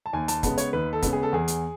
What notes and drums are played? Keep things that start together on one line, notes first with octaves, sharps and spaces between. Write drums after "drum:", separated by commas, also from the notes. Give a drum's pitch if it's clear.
A5
D#2 G#5
A5, drum: hi-hat
C#3 G#3 B3 A5, drum: kick, hi-hat
C#5, drum: hi-hat
D#2 B4
A4
C#3 G#3 B3, drum: kick, hi-hat
G#4
A4
E2 G#4
drum: hi-hat